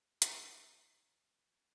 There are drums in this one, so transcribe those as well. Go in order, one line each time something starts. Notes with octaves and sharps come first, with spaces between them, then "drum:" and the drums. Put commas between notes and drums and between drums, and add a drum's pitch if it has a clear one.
C4 F#4, drum: hi-hat
D#3
C3 A4
F#4
C4
A4
C#4 F#4